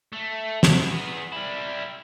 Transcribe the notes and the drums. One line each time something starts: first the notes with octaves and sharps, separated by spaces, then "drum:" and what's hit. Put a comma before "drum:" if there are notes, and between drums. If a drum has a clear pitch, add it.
A3
drum: snare
B3 G#4
G3 E4